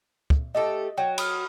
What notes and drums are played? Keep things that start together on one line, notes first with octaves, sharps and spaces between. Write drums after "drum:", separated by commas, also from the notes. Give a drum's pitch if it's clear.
drum: kick
A3 G4 A4 D#5
F#3 G5
B5 D#6 F6, drum: cymbal